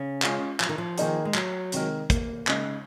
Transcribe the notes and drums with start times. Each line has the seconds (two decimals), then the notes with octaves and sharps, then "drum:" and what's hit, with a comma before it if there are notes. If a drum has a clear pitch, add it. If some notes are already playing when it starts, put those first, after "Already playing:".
Already playing: C#3
0.22 G#3 C#4 F4 G#4, drum: clap
0.60 F3, drum: clap
0.69 D#3
0.78 F3
0.98 D#3 A#3 D#4 G#4, drum: hi-hat
1.25 G#3
1.34 F#3, drum: clap
1.72 C3 D#3 G#3 D#4 A#4, drum: hi-hat
2.10 A#3, drum: kick, hi-hat
2.47 C#3 G#3 D#4, drum: clap